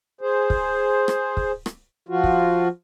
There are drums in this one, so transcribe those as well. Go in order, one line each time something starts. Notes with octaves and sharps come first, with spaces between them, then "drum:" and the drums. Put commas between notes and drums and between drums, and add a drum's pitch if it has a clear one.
G#4 C5
drum: kick
drum: rim click
drum: kick
drum: rim click
F3 F4 F#4
drum: kick